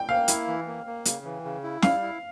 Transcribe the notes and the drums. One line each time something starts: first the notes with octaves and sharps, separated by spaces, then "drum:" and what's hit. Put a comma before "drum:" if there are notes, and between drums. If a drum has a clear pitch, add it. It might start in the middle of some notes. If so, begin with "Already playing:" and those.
Already playing: G5
A#3 F5
E4, drum: hi-hat
E3
A#3
A#3
C#3, drum: hi-hat
E3
C#3
E4
G3 F5, drum: snare
E4